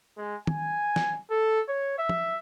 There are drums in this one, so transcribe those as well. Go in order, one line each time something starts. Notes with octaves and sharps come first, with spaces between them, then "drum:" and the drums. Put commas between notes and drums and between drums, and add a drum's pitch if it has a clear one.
G#3
G#5, drum: tom D#3
drum: snare
A4
C#5
E5
drum: tom F3